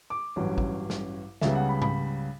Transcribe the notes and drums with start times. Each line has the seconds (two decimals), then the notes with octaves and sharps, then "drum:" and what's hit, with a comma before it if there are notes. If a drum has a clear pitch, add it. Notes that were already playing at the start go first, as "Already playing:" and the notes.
0.10 D6
0.36 A1 G2 F#3 C#4
0.58 drum: kick G#1
0.90 drum: snare
1.41 C#2 C#3 G3 B3 E5, drum: snare
1.55 F#5
1.69 B5
1.82 B5, drum: tom G#2